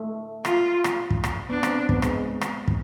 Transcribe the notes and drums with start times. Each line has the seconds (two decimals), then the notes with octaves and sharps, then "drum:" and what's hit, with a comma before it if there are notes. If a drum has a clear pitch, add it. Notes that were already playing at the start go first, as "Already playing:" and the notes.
Already playing: A3
0.45 F4, drum: rim click
0.84 drum: rim click
1.10 drum: kick
1.24 drum: rim click
1.49 B3 D4
1.63 C4, drum: rim click
1.89 B3, drum: kick
2.02 G#3, drum: rim click
2.41 drum: rim click
2.68 drum: kick